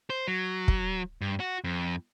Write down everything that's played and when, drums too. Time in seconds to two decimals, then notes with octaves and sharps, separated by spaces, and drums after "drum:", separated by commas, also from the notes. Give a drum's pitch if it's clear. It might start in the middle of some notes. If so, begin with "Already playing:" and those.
0.10 C5
0.28 F#3
0.68 drum: kick
1.21 G2
1.40 F#4
1.64 F2